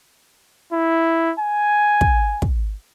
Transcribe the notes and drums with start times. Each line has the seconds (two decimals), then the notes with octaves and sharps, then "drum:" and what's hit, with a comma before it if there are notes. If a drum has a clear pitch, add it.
0.72 E4
1.39 G#5
2.01 drum: kick
2.42 drum: kick